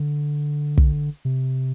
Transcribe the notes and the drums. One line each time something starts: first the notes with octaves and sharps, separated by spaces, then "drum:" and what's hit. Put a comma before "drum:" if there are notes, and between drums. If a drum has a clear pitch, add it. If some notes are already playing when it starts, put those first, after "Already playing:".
Already playing: D3
drum: kick
C3